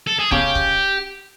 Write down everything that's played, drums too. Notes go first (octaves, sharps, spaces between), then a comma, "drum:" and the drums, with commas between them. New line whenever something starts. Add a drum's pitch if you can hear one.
A4
G#4
C#3 C#4 G4, drum: kick C#1
drum: kick C#1